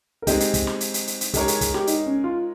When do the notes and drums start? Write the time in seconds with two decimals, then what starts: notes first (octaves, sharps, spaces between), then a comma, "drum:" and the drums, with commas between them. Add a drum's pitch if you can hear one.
0.22 A#4
0.27 G#3 C4 D#4 G4 G#4, drum: kick, hi-hat
0.40 drum: hi-hat
0.54 drum: kick, hi-hat
0.67 drum: snare
0.81 drum: hi-hat
0.94 drum: hi-hat
1.07 drum: hi-hat
1.21 drum: hi-hat
1.34 G#3 D#4 G4 A#4 C#5, drum: kick, hi-hat
1.48 G#4, drum: hi-hat
1.61 G#4, drum: kick, hi-hat
1.74 G4, drum: snare
1.87 D#4, drum: hi-hat
2.06 C#4
2.24 F4